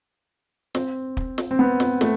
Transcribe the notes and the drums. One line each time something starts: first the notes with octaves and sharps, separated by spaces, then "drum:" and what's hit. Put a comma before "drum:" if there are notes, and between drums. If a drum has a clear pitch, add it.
C4, drum: snare
drum: kick
drum: snare
C4
B3
drum: snare
A3, drum: snare